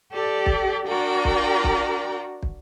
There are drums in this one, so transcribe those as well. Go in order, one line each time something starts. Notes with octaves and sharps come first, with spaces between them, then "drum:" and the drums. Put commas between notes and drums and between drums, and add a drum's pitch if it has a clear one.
G4 A4 D5
drum: kick
D4 F#4 A#4 D5 G5 A#5
drum: kick
drum: kick
drum: kick